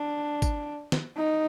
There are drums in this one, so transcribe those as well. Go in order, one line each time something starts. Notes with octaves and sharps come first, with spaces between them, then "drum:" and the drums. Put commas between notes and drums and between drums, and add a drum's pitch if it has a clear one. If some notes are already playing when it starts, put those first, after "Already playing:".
Already playing: D4
drum: kick, tambourine
drum: snare
D#4